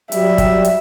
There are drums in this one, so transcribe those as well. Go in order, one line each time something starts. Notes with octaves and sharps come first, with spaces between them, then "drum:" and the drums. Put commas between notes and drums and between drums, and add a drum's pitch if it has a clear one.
F#3 G3 E5, drum: hi-hat
drum: kick, hi-hat
drum: hi-hat